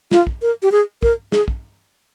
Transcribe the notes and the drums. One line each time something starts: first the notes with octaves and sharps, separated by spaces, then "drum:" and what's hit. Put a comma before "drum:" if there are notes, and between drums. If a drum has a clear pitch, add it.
F4, drum: snare
drum: kick
A#4
G4
G#4
A#4, drum: kick
G#4, drum: snare
drum: kick